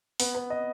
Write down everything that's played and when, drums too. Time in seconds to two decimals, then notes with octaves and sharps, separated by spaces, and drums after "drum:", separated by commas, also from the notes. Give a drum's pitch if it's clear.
0.20 B3, drum: open hi-hat
0.35 B4
0.50 D#5